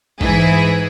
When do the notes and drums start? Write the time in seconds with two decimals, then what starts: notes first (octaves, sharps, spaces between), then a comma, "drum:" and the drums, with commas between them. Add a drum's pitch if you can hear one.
0.21 G#2 E3 E4 G#4, drum: kick A1